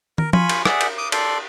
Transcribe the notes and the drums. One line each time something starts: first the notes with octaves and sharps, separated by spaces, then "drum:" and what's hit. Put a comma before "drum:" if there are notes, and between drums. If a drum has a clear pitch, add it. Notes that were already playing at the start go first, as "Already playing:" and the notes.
A#4, drum: tom
F4 G#5 B5 C#6, drum: tom F3
drum: cymbal
G#4 D5 E5 F#5, drum: rim click
drum: cymbal
D6 D#6
A4 D5 C6, drum: cymbal